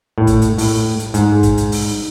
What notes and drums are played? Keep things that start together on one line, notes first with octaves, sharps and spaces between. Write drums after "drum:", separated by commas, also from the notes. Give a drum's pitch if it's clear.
A2
drum: kick, hi-hat
drum: hi-hat
A2, drum: open hi-hat
drum: hi-hat
G#2, drum: hi-hat
drum: kick, hi-hat
drum: hi-hat
drum: open hi-hat